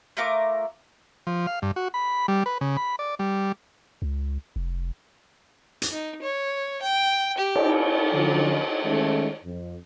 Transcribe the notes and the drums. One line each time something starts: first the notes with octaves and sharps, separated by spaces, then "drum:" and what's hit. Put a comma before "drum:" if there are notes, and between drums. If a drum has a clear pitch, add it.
A3 F4 A#4 D6
F3
F5
G2
F#4
B5
G3
B4
C#3
B5
D5
G3
C#2
F1
drum: hi-hat
D#4
C#5
G5
G4
drum: cymbal
D3 F3 F#3 C#4 F4
D#3 G#3 A3 C#4
F2